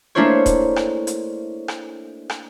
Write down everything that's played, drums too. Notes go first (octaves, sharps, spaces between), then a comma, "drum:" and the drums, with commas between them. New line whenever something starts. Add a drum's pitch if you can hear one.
A3 A#3 D4 E4 C5 C#5
drum: kick D#1, hi-hat
drum: rim click
drum: hi-hat
drum: rim click
drum: rim click